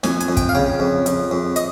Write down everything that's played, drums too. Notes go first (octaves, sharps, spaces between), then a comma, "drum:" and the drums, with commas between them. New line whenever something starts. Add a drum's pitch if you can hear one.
F2 G#5, drum: snare
G#5, drum: hi-hat
F2
G5, drum: kick, hi-hat
F5
C#3 G5
F2
F2, drum: hi-hat
F2
D#5, drum: hi-hat